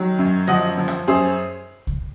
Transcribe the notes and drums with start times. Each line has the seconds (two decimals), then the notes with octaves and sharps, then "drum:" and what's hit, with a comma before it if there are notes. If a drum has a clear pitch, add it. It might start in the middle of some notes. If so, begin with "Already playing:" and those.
Already playing: D#3 F#3
0.19 F#2
0.47 F3 D#5 F#5
0.78 F3
0.88 drum: rim click
1.07 F#2 G#4 C5
1.87 drum: kick C2